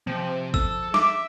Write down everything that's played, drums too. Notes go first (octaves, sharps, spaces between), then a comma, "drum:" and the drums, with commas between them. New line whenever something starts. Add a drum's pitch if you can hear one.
C3 F3 C4
A4 E6, drum: kick G1
E5 D6, drum: snare